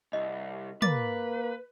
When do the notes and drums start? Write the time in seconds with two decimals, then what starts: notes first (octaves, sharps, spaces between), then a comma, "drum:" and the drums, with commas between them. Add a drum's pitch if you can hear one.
0.13 C2 D#5
0.82 A#3 B4 D6 A6, drum: tom